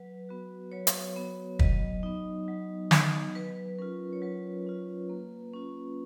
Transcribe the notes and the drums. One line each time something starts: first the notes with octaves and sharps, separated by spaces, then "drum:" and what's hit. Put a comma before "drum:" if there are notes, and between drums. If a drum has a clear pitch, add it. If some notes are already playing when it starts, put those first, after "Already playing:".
Already playing: F#3 B4
B3 F#4
F#3 C#5
drum: hi-hat
B3 F#4
F#3 D#5, drum: kick
B3 D#4
F#3
B3 D#4, drum: snare
F#3 B4
C#4 F4 A#4
C#5
F#3 B4
C#4 F4
A#3
C#4 F4